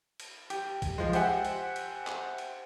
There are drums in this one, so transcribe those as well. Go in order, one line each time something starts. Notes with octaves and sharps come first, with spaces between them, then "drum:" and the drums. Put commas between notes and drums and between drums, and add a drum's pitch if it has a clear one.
drum: cymbal
G4, drum: cymbal
drum: kick, cymbal
F3 G#3
G4 C5 E5 F#5 G#5, drum: cymbal
drum: cymbal
drum: cymbal
drum: clap
drum: cymbal